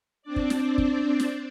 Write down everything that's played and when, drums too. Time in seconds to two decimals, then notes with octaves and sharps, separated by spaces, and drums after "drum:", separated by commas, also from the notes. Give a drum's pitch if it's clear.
0.22 C4 D4 D5
0.36 drum: kick
0.50 drum: snare
0.78 drum: kick
1.20 drum: snare